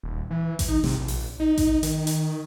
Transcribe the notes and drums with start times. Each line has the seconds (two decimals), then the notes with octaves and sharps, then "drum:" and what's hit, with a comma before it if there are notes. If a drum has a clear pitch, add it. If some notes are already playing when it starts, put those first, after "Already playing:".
0.03 D#1
0.30 E3
0.59 drum: kick A1, hi-hat
0.68 D#4
0.84 C3, drum: snare
0.98 A#1
1.08 drum: open hi-hat
1.40 D#4
1.58 drum: kick A1, hi-hat
1.83 D#3, drum: hi-hat
2.07 drum: hi-hat